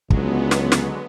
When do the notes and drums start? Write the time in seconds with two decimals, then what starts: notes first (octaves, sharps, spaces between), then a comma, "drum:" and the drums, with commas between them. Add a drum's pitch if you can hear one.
0.10 C#2 D3 F#3 G#3 B3, drum: kick
0.51 drum: snare
0.72 drum: snare